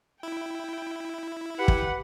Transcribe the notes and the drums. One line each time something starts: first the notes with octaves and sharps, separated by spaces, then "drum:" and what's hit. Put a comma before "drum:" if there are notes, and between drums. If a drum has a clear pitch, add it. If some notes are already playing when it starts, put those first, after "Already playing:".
E4 G5
G4 B4 F#5
drum: kick